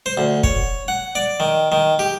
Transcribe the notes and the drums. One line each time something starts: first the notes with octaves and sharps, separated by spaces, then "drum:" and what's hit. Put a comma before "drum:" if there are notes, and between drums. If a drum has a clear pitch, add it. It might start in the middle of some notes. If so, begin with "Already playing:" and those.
C5
D2
C#5, drum: kick
F#5
D5
D#3
D#3
G4